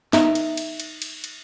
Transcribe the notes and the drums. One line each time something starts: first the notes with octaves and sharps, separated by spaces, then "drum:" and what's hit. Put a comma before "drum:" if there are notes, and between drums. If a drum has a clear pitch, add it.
D#4 E5 A#5, drum: snare
drum: cymbal
drum: cymbal
drum: cymbal
drum: cymbal
drum: cymbal